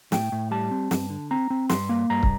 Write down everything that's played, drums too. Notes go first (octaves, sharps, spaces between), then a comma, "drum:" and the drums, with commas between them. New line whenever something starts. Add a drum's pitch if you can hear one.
A2 G5, drum: snare
A2
G3 A5
C4
G2, drum: snare
D3
C4 A#5
C4
G2 C6, drum: snare
A#3
G2 A#5
drum: kick